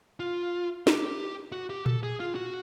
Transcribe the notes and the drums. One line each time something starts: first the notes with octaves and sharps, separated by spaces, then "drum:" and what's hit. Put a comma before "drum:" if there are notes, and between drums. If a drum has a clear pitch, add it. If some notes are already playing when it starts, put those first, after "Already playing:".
F4
G4, drum: snare
F#4
G4
A4, drum: tom A#2
G#4
F4
F#4